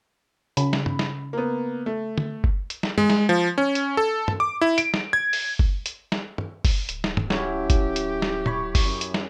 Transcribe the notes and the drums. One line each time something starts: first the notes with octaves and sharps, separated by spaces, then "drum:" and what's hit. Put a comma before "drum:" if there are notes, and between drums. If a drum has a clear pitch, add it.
C#3 B5, drum: hi-hat
drum: snare
drum: tom
drum: snare
A#3 B3
A3
drum: tom
drum: kick F#1
drum: hi-hat
drum: snare
G#3, drum: tom
drum: snare
F3
C#4
drum: hi-hat
A4
drum: tom
D6
E4
D7, drum: hi-hat
drum: snare
G#6
drum: open hi-hat
drum: kick F#1
drum: hi-hat
drum: snare
drum: tom
drum: kick F#1, open hi-hat
D1, drum: hi-hat
drum: snare
drum: tom
F#3 C#4 E4 G4, drum: snare
drum: kick F#1, hi-hat
drum: hi-hat
drum: snare
C#5 B5 C#6, drum: tom A#2
drum: kick F#1, open hi-hat
F#2
drum: hi-hat
drum: snare